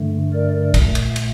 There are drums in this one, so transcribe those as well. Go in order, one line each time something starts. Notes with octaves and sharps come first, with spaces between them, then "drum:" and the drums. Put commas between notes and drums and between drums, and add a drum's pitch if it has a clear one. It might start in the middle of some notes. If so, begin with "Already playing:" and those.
Already playing: G2 D3 A3
A#4 D5
A#2 A3, drum: kick, cymbal
drum: cymbal
drum: cymbal